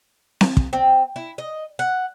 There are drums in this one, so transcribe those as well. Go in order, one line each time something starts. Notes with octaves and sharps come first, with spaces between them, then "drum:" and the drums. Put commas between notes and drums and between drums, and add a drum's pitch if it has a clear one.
drum: snare C4
drum: kick
C4
E4
D#5
F#5